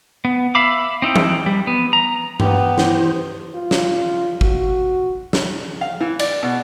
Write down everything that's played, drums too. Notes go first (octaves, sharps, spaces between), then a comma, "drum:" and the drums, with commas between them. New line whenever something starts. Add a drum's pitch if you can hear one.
B3
E5 F5 B5 D6
C4 D#4 E4 G5
drum: tom E3
G3
B3
A#5
B3 G4, drum: tom G2
E3 C5, drum: snare
F4
drum: snare
F#4, drum: kick
drum: snare
F5
E3
D5, drum: cymbal
B2